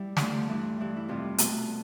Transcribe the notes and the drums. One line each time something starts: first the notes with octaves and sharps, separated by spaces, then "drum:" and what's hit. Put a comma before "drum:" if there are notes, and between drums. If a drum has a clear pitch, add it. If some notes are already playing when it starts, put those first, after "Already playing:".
Already playing: G3 E4
D2 D3 F3 A3, drum: snare
G2 E3 A3
G2 E3 G3
E4
F2 C3 G3 F4
B2 A3, drum: hi-hat